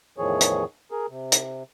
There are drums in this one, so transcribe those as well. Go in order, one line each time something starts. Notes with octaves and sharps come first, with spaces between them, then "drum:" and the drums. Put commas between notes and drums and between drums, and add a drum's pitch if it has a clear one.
E2 A2 D#3 F3 G#4 C#5
drum: hi-hat
G#4 A#4
C3
drum: hi-hat